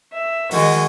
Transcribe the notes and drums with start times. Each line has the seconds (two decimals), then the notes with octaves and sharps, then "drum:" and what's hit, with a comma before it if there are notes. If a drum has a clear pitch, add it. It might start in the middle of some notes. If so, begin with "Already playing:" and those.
0.14 E5
0.51 D#3 G#3 F#4, drum: open hi-hat